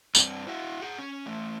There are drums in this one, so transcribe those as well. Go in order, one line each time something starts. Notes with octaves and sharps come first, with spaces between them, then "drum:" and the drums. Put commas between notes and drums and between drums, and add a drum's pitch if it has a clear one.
G2 C4, drum: tambourine
E4 F#4
G#4 F#5
C#4
E3 A3